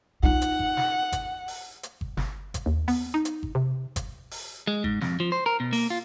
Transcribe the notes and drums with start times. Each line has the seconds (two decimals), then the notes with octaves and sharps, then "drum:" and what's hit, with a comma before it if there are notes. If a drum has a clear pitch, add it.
0.23 D#4 F4 F#5
0.42 drum: hi-hat
0.59 drum: kick G1
0.77 drum: snare
1.12 drum: kick G1, hi-hat
1.48 drum: open hi-hat
1.83 drum: hi-hat
2.01 drum: kick G1
2.17 G1, drum: snare
2.54 drum: kick G1, hi-hat
2.66 D#2
2.88 B3, drum: open hi-hat
3.14 D#4
3.25 drum: hi-hat
3.43 drum: kick G1
3.55 C3
3.96 drum: kick G1, hi-hat
4.31 drum: open hi-hat
4.67 G#3
4.84 G#2, drum: kick G1
5.01 F2, drum: snare
5.20 F3
5.32 C5
5.46 A#4
5.60 B2
5.73 A#3, drum: open hi-hat
5.90 F4